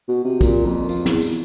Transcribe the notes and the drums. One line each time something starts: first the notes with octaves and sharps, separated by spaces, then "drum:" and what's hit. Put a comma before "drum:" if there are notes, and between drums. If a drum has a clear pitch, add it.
B2
C3
A#2, drum: kick, tambourine
F2
F2, drum: tambourine
E2, drum: snare
drum: tambourine